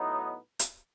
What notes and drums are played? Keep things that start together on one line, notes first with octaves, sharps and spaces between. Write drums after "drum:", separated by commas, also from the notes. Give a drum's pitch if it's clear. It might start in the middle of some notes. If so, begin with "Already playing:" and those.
Already playing: A2 F#3 B3 D#4
drum: hi-hat